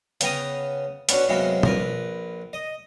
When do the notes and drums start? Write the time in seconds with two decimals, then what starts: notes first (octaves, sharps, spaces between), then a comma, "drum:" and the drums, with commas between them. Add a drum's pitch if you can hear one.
0.21 C#3 B3 G5 A#5 D#6, drum: hi-hat
1.09 B3 C#4 D4 F#4, drum: hi-hat
1.28 F#2 C3 G#3 A#3 B3 F#4
1.63 A#1 A#4 B4, drum: tom B2
2.53 D#5